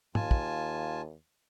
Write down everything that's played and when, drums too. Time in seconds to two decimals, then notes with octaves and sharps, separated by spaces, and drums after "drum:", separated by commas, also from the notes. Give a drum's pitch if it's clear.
0.15 D#2 F4 G#5 A5, drum: tom
0.31 drum: kick